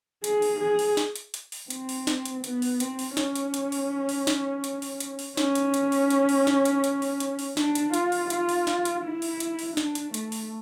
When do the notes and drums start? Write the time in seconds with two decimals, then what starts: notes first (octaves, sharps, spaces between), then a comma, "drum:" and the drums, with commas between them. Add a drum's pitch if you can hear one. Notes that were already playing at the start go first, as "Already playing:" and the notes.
0.24 G#4, drum: hi-hat
0.42 drum: open hi-hat
0.60 G#4
0.79 drum: open hi-hat
0.97 drum: snare
1.16 drum: hi-hat
1.34 drum: hi-hat
1.52 drum: open hi-hat
1.70 C4, drum: hi-hat
1.89 drum: open hi-hat
2.07 drum: snare
2.25 drum: hi-hat
2.44 B3, drum: hi-hat
2.62 drum: open hi-hat
2.80 C4, drum: hi-hat
2.99 drum: open hi-hat
3.17 C#4, drum: snare
3.35 drum: hi-hat
3.54 drum: hi-hat
3.72 drum: open hi-hat
4.09 drum: open hi-hat
4.27 drum: snare
4.64 drum: hi-hat
4.82 drum: open hi-hat
5.00 drum: hi-hat
5.19 drum: open hi-hat
5.37 C#4, drum: snare
5.55 drum: hi-hat
5.74 drum: hi-hat
5.92 drum: open hi-hat
6.10 drum: hi-hat
6.29 drum: open hi-hat
6.47 drum: snare
6.65 drum: hi-hat
6.84 drum: hi-hat
7.02 drum: open hi-hat
7.20 drum: hi-hat
7.39 drum: open hi-hat
7.57 D4, drum: snare
7.75 drum: hi-hat
7.94 F4, drum: hi-hat
8.12 drum: open hi-hat
8.30 F4, drum: hi-hat
8.49 drum: open hi-hat
8.67 drum: snare
8.85 drum: hi-hat
9.04 E4
9.22 drum: open hi-hat
9.40 drum: hi-hat
9.59 drum: open hi-hat
9.77 D4, drum: snare
9.95 drum: hi-hat
10.14 A3, drum: hi-hat
10.32 drum: open hi-hat